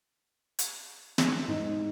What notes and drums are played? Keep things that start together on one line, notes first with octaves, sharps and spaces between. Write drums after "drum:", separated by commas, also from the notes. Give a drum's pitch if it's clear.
drum: hi-hat
drum: snare
G#2